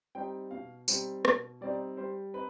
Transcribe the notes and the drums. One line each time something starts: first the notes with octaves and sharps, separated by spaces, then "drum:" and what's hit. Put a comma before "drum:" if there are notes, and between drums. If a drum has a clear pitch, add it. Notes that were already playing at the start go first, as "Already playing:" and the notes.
G3 C4 D#4 G5
B2 F5
G3 C4 D#4, drum: tambourine
B2, drum: rim click
G3 C4 D#4 D5
G3 C5
C4 D#4 B4